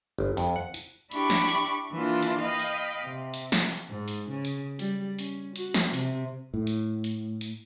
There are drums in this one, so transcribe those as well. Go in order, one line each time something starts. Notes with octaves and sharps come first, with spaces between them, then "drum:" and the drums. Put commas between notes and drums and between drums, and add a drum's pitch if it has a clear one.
G1
F2, drum: hi-hat
F#5
drum: hi-hat
D4 E4 G4 B5 C#6 D6, drum: hi-hat
drum: snare
drum: hi-hat
E3 A#3 D4 F4
drum: hi-hat
D#5 F5 G5 B5
drum: hi-hat
C3
drum: hi-hat
drum: snare
drum: hi-hat
G#2
drum: hi-hat
C#3
drum: hi-hat
G3, drum: hi-hat
C#4, drum: hi-hat
F#4, drum: hi-hat
drum: snare
C3, drum: hi-hat
A2
drum: hi-hat
drum: hi-hat
drum: hi-hat